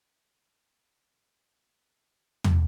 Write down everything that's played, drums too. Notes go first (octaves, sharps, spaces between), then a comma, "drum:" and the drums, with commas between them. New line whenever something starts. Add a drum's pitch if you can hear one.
C4 F5 C#6
drum: tom